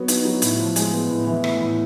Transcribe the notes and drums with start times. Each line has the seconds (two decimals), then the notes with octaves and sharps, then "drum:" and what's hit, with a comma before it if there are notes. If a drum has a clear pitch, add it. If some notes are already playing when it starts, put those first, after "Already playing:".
Already playing: F#3 B3 F#4
0.08 D#4, drum: hi-hat
0.25 F#3
0.42 A2, drum: hi-hat
0.59 F3
0.76 G#3, drum: hi-hat
0.93 B3
1.10 A2
1.27 E3
1.44 A3, drum: rim click
1.60 A2